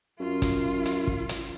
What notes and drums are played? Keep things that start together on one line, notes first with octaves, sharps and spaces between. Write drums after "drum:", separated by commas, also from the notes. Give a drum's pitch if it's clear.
F#2 F4
drum: kick, hi-hat
drum: hi-hat
drum: kick
drum: hi-hat